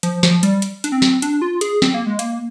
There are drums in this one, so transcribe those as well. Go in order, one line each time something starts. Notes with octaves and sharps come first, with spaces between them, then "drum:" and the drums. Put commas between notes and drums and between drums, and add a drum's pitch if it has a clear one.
F3, drum: hi-hat
F3, drum: snare
G3, drum: hi-hat
drum: hi-hat
D4, drum: hi-hat
C4
drum: snare
D4, drum: hi-hat
F4
G#4, drum: hi-hat
C4, drum: snare
A#3
G#3
A#3, drum: hi-hat